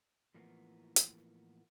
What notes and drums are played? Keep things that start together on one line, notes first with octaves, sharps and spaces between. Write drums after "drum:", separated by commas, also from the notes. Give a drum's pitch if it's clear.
A2 E3 F3 A#3 B3
drum: hi-hat